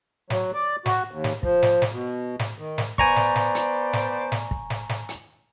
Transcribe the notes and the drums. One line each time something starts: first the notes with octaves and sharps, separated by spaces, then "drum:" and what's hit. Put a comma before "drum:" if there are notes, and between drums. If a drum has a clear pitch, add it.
F#3, drum: snare
D5
F#4, drum: snare
D#2
drum: snare
F3, drum: kick
drum: snare
drum: snare
B2
drum: snare
D#3
drum: snare
B3 C5 D5 G#5 A#5 C#6, drum: kick
drum: snare
drum: snare
drum: hi-hat
drum: snare
drum: snare
drum: kick
drum: snare
drum: snare
drum: hi-hat